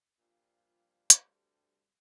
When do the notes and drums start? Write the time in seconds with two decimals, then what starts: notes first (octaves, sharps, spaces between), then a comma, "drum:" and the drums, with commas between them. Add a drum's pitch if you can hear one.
0.19 G2 A#2 F3 G3 D4 F4
1.10 D2 G2 C3 G3, drum: hi-hat